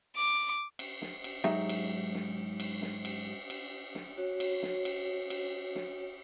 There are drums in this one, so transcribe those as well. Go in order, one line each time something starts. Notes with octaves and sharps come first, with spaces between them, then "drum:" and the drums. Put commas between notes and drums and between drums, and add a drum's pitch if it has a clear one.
D6
drum: cymbal
drum: snare
drum: cymbal
G#2 F#3 D#4 G4 E5
drum: cymbal
drum: snare
drum: cymbal
drum: snare
drum: cymbal
drum: cymbal
drum: snare
F#4 C#5
drum: cymbal
drum: snare
drum: cymbal
drum: cymbal
drum: snare